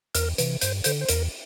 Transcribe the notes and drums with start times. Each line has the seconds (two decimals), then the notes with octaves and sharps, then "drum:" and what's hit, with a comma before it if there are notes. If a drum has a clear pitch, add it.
0.15 E2 A#4, drum: hi-hat
0.38 C3 E3, drum: hi-hat
0.61 G2 C5, drum: hi-hat
0.84 D3 C5, drum: hi-hat
1.01 C5
1.09 E2 A#4, drum: hi-hat